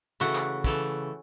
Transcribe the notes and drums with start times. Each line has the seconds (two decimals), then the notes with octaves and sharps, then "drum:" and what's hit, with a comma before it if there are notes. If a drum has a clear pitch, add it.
0.20 C#3 E3 A3 F#4
0.35 drum: clap
0.64 C#3 E3 A3, drum: kick